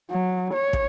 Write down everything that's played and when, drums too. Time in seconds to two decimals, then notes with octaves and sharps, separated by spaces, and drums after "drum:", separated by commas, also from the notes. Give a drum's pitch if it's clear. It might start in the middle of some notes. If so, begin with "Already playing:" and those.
0.10 F#3
0.53 C#5
0.73 drum: kick